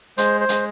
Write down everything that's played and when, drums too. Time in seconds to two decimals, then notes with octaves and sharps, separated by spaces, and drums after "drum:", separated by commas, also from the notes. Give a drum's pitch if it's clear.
0.18 G#3 C5, drum: hi-hat
0.41 C5
0.49 G#3, drum: hi-hat